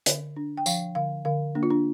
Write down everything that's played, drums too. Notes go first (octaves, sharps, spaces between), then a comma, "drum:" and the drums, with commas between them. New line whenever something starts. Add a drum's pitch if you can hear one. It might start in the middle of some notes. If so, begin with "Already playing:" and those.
D3, drum: hi-hat
D4
G5
F3 F5, drum: tambourine
D3 F5
D3 F5
A#3 D4
F4
D4